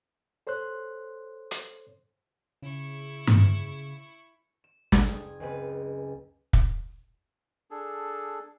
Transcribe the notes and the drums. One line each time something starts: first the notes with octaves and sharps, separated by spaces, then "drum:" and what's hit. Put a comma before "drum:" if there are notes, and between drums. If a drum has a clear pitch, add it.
A4 C5 C#5 C6 F#6
drum: hi-hat
C#3 E4 C#6
drum: tom G2
E7
F#1 A4, drum: snare
D#6 G#6
C#2 A#3 C4 G#4 B4 D#7
drum: kick
D4 G#4 A4